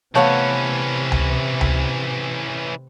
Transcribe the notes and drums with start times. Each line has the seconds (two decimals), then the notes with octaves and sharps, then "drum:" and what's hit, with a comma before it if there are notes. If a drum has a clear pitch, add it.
0.15 C3 E3 A3 B3 C#4 B4 C#5 F5
1.12 drum: tom C#2
1.61 drum: tom C#2